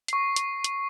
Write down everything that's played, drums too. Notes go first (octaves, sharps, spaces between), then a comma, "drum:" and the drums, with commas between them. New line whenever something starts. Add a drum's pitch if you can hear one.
C#6 C7, drum: hi-hat
drum: hi-hat
drum: hi-hat